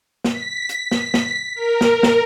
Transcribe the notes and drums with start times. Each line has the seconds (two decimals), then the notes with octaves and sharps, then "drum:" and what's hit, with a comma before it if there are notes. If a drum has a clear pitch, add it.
0.24 B6, drum: snare
0.69 drum: hi-hat
0.91 drum: snare
1.14 drum: snare
1.55 A#4
1.81 drum: snare
2.03 drum: snare